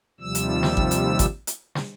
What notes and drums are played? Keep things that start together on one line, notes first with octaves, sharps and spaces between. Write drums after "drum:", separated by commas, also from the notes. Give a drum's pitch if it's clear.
D#2 C3 F3 G3 E6
drum: hi-hat
drum: snare
drum: kick
drum: hi-hat
drum: kick, hi-hat
drum: hi-hat
drum: snare